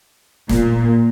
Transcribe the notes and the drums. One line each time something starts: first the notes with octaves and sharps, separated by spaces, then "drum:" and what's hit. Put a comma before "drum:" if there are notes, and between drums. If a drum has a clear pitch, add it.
A#2, drum: snare